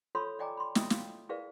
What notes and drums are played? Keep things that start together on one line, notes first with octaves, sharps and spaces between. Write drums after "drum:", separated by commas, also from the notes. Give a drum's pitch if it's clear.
F4 A4 C#5 B5 C6 E6
D5 D#5 G5 G#5 A#5 D6
B5 C6
F4 D#5 E5 G5 D#6, drum: snare
F5, drum: snare
E4 G#4 A#4 B4 D5 F5